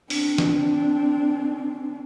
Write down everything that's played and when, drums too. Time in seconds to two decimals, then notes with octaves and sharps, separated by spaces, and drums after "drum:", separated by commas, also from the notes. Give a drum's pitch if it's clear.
0.10 C4 D4, drum: open hi-hat
0.38 drum: snare